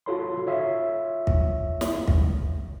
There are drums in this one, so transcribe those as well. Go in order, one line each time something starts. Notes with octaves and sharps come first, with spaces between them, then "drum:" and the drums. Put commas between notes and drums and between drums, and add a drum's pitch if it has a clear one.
F4 F#4 A4 C#5 B5 C6
F4 C#5 E5 F5
drum: kick
drum: snare
C#2, drum: kick